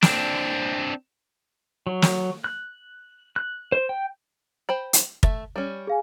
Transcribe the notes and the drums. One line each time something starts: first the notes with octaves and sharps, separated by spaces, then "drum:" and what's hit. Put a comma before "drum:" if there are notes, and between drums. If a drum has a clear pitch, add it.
C4 D4, drum: snare
F#3
drum: snare
F#6
F#6
C5
G5
C5 G5 B5
drum: hi-hat
A3 E5, drum: kick
G3 C#4
G#4 F5 G#5